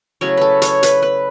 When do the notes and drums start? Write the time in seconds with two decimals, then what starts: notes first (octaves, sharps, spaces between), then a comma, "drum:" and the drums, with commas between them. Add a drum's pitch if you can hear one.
0.21 C#3 F#3 A3 E4 C#5
0.37 A4 B4
0.62 C#5, drum: hi-hat
0.83 B4, drum: hi-hat
1.03 B4